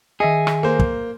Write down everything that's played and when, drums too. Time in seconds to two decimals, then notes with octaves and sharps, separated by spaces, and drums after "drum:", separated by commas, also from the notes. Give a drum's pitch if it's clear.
0.20 D#3 G#4 D#5 E5 A#6 C#7
0.47 drum: rim click
0.63 A#3 C5
0.79 drum: kick